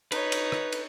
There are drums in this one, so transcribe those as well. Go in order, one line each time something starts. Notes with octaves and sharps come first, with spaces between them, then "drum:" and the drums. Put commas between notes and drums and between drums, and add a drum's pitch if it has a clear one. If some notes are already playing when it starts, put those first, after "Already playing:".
D#4 B4 C#5, drum: cymbal
drum: cymbal
drum: rim click
drum: cymbal